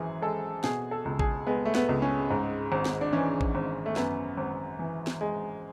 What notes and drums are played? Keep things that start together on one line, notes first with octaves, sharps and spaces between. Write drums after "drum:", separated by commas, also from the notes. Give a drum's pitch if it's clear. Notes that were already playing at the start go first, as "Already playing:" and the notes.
Already playing: G#1 F#2 E3 G#4
G#3 A4
B2 G#4, drum: snare
A4
C#2
G#4, drum: kick A1
G#3 B3
A3
B3, drum: snare
C#2
C#4
G#2
G#1
drum: snare
D4
E3 C#4
drum: kick A1
G#1
A3
F#2 B3, drum: snare
G#1
E3
drum: snare
G#3